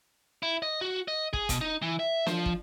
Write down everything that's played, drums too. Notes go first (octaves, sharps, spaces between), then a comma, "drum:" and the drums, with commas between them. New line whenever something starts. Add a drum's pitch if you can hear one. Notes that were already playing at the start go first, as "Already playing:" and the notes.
E4
D#5
F#4
D#5
G#4, drum: kick
B2, drum: kick, hi-hat
D#4
E3
E5
F3, drum: snare
drum: kick